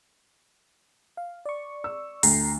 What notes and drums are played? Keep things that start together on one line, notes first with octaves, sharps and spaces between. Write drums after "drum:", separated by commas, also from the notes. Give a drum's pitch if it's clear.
F5
D5 C#6
E6
D2 G5 A#5 C7, drum: open hi-hat